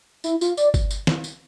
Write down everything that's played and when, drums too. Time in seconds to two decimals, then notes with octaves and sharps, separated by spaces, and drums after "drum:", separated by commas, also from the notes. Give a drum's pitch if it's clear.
0.24 E4, drum: tambourine
0.41 F4, drum: tambourine
0.57 D5, drum: tambourine
0.74 drum: kick, tambourine
0.91 drum: tambourine
1.07 drum: snare
1.24 drum: tambourine